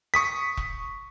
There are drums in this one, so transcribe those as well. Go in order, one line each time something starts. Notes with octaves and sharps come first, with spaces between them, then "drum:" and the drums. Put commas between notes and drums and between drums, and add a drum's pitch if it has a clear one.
C#6 D#6 B6
drum: kick E1